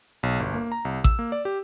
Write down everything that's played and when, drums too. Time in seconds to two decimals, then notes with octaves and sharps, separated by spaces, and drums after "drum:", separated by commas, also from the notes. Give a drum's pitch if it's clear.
0.23 B1
0.40 G1
0.54 A#3
0.72 A#5
0.85 C2
1.04 E6, drum: kick A1
1.19 A#3
1.32 D5
1.45 G4